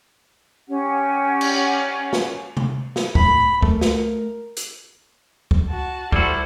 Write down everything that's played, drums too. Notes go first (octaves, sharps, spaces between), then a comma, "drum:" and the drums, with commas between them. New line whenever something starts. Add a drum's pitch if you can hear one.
C#4 G4 F#5
drum: cymbal
drum: snare
drum: tom C3
drum: snare
A2 B5, drum: kick
A3 A#4, drum: kick
drum: snare
drum: hi-hat
drum: kick
F#4 A5
G3 E4 F#4 A4 C5, drum: kick